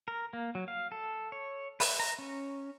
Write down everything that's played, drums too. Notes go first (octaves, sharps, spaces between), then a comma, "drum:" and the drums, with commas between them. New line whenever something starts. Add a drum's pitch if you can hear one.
A#4
A#3
F#3
F5
A4
C#5
B4, drum: open hi-hat
A#5
C#4